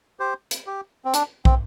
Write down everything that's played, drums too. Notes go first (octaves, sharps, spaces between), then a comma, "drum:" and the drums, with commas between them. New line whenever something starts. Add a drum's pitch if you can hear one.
G4 C5
drum: hi-hat
G4
C4
D4, drum: hi-hat
C4, drum: kick